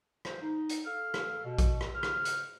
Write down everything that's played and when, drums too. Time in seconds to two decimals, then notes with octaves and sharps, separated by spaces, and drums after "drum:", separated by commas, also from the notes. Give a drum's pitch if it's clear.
0.25 C5, drum: rim click
0.41 D#4
0.69 drum: hi-hat
0.85 A4 F5 F6
1.14 drum: rim click
1.44 B2
1.59 drum: kick A#1, hi-hat
1.81 drum: rim click
1.94 C#3 F#4 C5 F6
2.03 drum: rim click
2.25 drum: hi-hat